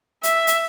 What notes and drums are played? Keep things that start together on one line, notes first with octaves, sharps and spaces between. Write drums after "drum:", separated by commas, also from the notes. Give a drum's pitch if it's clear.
E5, drum: hi-hat
drum: hi-hat